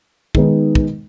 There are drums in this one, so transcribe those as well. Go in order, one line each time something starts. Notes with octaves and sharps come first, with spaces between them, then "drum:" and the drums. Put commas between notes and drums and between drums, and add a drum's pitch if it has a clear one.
D#3 G#3 B3 D#4, drum: kick
drum: kick